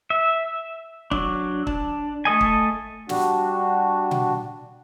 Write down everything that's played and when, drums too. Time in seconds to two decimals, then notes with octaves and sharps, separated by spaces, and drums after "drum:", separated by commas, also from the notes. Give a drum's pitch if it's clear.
0.10 E5
1.11 F#3 D4, drum: kick
1.67 D4, drum: kick
2.25 A3 A4 D#5 G#5
2.41 drum: kick
3.09 G3 D4 F#4, drum: snare
4.11 drum: tom B2